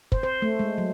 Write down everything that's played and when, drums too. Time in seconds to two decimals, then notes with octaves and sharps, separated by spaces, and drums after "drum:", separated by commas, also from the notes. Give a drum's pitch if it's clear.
0.12 C5, drum: kick
0.23 C5
0.42 A3
0.59 G#3
0.78 F#3